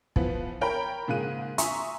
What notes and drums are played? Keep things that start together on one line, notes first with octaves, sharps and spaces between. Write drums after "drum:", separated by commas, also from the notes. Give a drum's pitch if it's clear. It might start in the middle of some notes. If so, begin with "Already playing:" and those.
E3 F3 B3, drum: kick
A#4 C#5 G5 A#5 B5
G#2 C#3 A#3 G#4 F#6 D#7
E5 G#5 A#5 C6 C#6 D#6, drum: hi-hat